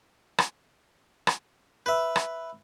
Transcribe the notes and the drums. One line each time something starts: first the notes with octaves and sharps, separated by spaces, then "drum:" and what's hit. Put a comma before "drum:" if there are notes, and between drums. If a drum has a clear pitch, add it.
drum: rim click
drum: rim click
B4 E5
drum: rim click